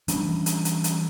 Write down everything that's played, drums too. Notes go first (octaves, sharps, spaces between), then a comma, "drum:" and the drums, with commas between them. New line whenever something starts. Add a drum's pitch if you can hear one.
E3 G3 C#4 D4, drum: hi-hat
drum: hi-hat
drum: hi-hat
drum: hi-hat